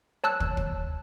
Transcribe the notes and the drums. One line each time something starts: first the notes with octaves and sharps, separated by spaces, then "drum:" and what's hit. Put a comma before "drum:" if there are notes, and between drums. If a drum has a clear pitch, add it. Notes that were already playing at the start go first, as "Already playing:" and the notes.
C#5 A5 E6 F#6
drum: kick
drum: kick